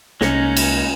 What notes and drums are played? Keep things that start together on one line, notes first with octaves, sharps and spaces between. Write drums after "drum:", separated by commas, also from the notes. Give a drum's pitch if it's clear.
C2 G#3 A#3 C#4 D#4 C#7, drum: snare
drum: cymbal